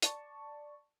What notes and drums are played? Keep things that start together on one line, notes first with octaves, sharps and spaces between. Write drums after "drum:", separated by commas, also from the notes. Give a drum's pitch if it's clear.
D5 A5 C#6, drum: hi-hat